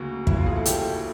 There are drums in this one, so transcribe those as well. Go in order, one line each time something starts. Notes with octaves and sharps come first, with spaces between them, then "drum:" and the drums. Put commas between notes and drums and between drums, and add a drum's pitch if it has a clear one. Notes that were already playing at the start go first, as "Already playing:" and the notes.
Already playing: D2 C#3 F#3 A#3 F#4
E4, drum: kick
F4
G#4
A4
G4, drum: hi-hat